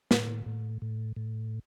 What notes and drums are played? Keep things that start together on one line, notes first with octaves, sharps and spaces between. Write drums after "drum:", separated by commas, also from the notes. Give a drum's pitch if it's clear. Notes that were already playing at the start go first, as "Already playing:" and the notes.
A2, drum: snare
A2
A2
A2